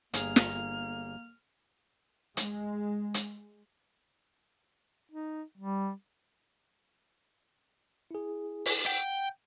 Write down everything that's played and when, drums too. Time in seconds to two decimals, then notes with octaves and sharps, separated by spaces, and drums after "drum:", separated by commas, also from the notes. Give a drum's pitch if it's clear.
0.14 G1 A#3 G#4 F6, drum: hi-hat
0.36 drum: snare
2.37 G#3, drum: hi-hat
3.14 drum: hi-hat
5.11 D#4
5.58 G3
8.11 E4 G#4
8.66 drum: open hi-hat
8.86 F#5 G5